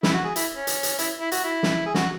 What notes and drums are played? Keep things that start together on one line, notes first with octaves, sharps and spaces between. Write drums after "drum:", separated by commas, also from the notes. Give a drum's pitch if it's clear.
E4, drum: snare
F#4
G#4
E4, drum: hi-hat
C#4
drum: hi-hat
drum: hi-hat
E4, drum: hi-hat
E4
F#4, drum: hi-hat
E4
drum: snare
G#4
F#4, drum: snare